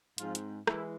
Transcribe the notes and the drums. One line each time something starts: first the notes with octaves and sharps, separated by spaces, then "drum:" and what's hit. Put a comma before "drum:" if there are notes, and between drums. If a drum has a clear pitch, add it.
G#2 F3 G#3 C4 F4, drum: hi-hat
drum: hi-hat
E3 G#3 E4, drum: rim click